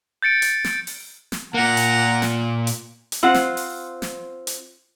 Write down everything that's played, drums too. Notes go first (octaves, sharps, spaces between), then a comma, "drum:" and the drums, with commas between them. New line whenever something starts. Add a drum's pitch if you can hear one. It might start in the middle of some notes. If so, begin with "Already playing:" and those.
G6 A6 C#7 D7
drum: hi-hat
drum: snare
drum: open hi-hat
drum: snare
A#2 A#3 F#5 A#5
drum: hi-hat
drum: snare
drum: hi-hat
drum: hi-hat
C4 F4 C5 F#5
drum: snare
drum: open hi-hat
drum: snare
drum: hi-hat